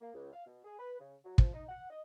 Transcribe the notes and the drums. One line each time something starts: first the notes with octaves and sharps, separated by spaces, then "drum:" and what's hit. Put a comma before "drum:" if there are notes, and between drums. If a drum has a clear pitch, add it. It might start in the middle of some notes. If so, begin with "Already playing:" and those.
A#3
C#2
F5
B2
G#4
B4
C#3
F#3
F3, drum: kick
D#4
F#5
D#5